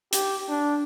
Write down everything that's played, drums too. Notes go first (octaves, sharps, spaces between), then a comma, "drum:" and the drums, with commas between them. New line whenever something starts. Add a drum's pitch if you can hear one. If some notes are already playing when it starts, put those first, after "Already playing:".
G4, drum: hi-hat
D4